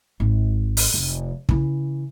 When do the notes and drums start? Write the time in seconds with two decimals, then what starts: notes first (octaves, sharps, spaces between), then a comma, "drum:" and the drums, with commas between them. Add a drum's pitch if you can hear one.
0.20 G#1
0.77 drum: open hi-hat
0.94 F1
1.49 C#3 E3, drum: kick